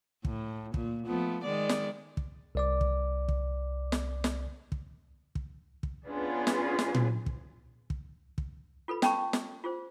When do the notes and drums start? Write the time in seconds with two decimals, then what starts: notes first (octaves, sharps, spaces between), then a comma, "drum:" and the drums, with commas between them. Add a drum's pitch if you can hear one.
0.25 A2, drum: kick
0.74 A#2, drum: kick
1.06 F3 A3 B3
1.44 D#3 G#3 D5
1.69 drum: snare
2.17 drum: kick
2.55 C2 D5 D6
2.81 drum: kick
3.28 drum: kick
3.92 drum: snare
4.24 drum: snare
4.72 drum: kick
5.35 drum: kick
5.83 drum: kick
6.08 B3 C#4 D4 F4 G#4 B4
6.47 drum: snare
6.79 drum: snare
6.95 drum: tom A#2
7.26 drum: kick
7.90 drum: kick
8.38 drum: kick
8.88 F4 A4 B4 B5
9.02 C#4 G5 A5 B5 C#6, drum: snare
9.33 drum: snare
9.64 F4 G#4 C5